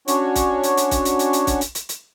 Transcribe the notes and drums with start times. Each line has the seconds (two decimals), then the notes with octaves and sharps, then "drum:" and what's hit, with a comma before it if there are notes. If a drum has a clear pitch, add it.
0.08 C#4 D4 F#4 C#5, drum: hi-hat
0.35 drum: kick, hi-hat
0.63 drum: hi-hat
0.77 drum: hi-hat
0.91 drum: kick, hi-hat
1.05 drum: hi-hat
1.19 drum: hi-hat
1.33 drum: hi-hat
1.47 drum: kick, hi-hat
1.61 drum: hi-hat
1.75 drum: hi-hat
1.89 drum: hi-hat